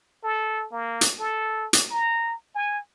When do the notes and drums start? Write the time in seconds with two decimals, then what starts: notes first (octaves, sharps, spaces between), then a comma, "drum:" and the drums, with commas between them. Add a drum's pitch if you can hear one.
0.24 A4
0.72 A#3
1.01 drum: hi-hat
1.20 A4
1.73 drum: hi-hat
1.91 A#5
2.55 G#5